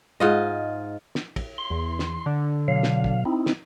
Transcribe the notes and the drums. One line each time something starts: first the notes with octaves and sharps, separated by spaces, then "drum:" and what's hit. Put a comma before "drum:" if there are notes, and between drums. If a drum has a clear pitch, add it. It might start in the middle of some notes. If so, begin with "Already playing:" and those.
G#2 F4 D#5
drum: snare
drum: kick, cymbal
C6
E2
drum: snare
D3
B2 F#3 F5
drum: snare
drum: kick
C4 D#4 E4
drum: snare